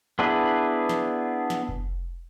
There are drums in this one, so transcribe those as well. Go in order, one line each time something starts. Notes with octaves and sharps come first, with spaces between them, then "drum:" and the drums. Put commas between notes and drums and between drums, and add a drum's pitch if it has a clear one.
B3 D4 E4 G#4 B4
drum: snare
drum: snare
drum: kick F1